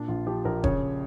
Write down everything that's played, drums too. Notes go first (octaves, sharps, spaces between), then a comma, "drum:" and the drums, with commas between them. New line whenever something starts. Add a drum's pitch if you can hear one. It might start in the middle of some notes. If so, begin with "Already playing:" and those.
Already playing: A#2 D4
A#1 F4
F3 G4
A#1 A#4
C#3 C#5, drum: kick E1